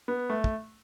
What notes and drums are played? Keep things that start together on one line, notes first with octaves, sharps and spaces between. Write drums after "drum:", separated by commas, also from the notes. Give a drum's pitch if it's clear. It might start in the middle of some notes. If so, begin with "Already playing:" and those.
B3
A3
drum: kick